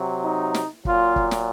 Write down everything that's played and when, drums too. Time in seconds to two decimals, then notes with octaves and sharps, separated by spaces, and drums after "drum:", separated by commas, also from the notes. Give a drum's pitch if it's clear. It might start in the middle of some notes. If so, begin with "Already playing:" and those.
Already playing: C3 F#3
0.24 D#4
0.54 drum: snare
0.85 A#2 F#3 F4, drum: kick
1.16 drum: kick
1.31 drum: snare